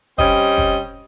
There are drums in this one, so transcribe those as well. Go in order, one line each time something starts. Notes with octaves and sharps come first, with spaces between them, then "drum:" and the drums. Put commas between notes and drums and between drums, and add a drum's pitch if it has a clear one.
G3 C4 C#4 D#5, drum: kick
drum: kick